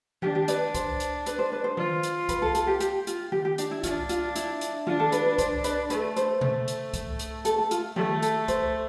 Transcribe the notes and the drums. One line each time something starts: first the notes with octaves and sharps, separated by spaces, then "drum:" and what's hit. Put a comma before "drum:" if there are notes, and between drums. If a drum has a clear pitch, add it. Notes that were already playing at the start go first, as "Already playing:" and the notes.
D4 G4, drum: tom D#3
G4
B4 D5, drum: hi-hat
C5, drum: kick C2, hi-hat
drum: hi-hat
B4, drum: hi-hat
C5
B4 D5
C5
F4, drum: tom D#3
drum: hi-hat
B4, drum: kick C2, hi-hat
A4
A4, drum: hi-hat
G4
G4, drum: hi-hat
F4, drum: hi-hat
G4, drum: tom D#3
G4
D4, drum: hi-hat
E4
D4 F4, drum: kick C2, hi-hat
F4, drum: hi-hat
E4, drum: hi-hat
drum: hi-hat
D4 F4, drum: tom D#3
A4
B4, drum: hi-hat
B4
C5, drum: kick C2, hi-hat
B4 D5, drum: hi-hat
A3 B4, drum: hi-hat
C5, drum: hi-hat
A3, drum: tom B2
drum: hi-hat
drum: kick C2, hi-hat
drum: hi-hat
A4, drum: hi-hat
A4
F4, drum: hi-hat
A3 G4, drum: tom D#3
A4, drum: hi-hat
C5, drum: kick C2, hi-hat